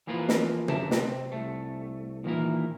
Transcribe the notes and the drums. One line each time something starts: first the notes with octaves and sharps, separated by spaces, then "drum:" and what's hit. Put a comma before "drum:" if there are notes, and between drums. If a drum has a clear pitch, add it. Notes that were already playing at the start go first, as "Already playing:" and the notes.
E3 F3 A#3 F4 A#4 B4
drum: snare
F#2 D3 A#4 E5 A5, drum: tom
C3 C4, drum: snare
C2 A3
A#2 D#3 E3 A#3 E4 A#4